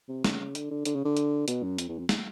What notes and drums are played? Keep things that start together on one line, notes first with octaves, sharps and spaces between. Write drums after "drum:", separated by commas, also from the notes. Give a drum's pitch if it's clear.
C3
C#3, drum: snare
C#3
D3, drum: hi-hat
D3
D3, drum: hi-hat
C#3
D3
drum: hi-hat
B2, drum: hi-hat
F#2
F2, drum: hi-hat
E2
F2
drum: snare